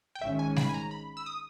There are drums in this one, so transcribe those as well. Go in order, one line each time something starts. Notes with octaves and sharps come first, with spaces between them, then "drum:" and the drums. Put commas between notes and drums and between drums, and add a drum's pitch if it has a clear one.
G5
G#1 G#2 D#3 G#3 C#4 E5
G#5
B5, drum: snare G3
G#5
A#5
B5
E6
D#6